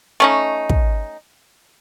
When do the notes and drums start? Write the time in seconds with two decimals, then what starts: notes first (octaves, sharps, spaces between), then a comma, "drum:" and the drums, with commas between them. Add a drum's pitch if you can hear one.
0.20 A3 C#4 D#4
0.70 drum: kick